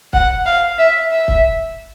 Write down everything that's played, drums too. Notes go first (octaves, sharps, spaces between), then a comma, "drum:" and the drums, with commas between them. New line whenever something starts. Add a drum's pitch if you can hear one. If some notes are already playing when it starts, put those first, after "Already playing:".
F#5, drum: kick C#1
F5
E5
E5
drum: kick C#1